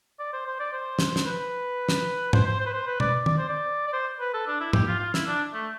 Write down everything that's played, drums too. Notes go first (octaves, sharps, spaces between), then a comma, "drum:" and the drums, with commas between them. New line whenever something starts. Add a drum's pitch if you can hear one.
D5
C5
C5
D5
C5
drum: snare
drum: snare
B4
drum: snare
C5, drum: tom G#2
C5
C5
B4
C5
B4
D5, drum: tom B2
D5, drum: tom
C5
D5
D5
C5
B4
A4
D4
E4
G4, drum: tom G#2
F4
F4
E4, drum: snare
D4
A3